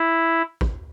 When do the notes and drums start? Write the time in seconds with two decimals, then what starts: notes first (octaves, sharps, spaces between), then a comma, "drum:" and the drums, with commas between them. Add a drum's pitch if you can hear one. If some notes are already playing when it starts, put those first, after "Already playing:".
Already playing: E4
0.61 drum: kick A1